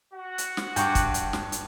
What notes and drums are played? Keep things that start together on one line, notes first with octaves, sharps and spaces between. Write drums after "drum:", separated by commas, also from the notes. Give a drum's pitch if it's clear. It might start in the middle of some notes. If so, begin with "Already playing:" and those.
F#4 F#5
drum: hi-hat
drum: snare
G2 G5 C#6 D6, drum: hi-hat
drum: kick, hi-hat
drum: hi-hat
drum: snare
drum: hi-hat